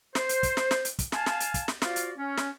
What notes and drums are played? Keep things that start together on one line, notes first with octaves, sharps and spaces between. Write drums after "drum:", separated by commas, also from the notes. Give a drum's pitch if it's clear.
C5, drum: snare
drum: hi-hat
drum: kick, hi-hat
drum: snare
drum: snare
drum: hi-hat
drum: kick, hi-hat
F5 G#5 A5, drum: snare
drum: snare
drum: hi-hat
drum: kick, hi-hat
drum: snare
F4 F#4 C5 D5 F5, drum: snare
drum: hi-hat
C#4
drum: snare